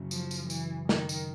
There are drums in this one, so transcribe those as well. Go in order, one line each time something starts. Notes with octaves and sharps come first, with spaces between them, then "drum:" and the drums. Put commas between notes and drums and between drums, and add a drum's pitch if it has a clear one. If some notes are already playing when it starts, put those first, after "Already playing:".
Already playing: F#2 C#3 F#3
F3, drum: tambourine
drum: tambourine
E3, drum: tambourine
D#3, drum: snare
drum: tambourine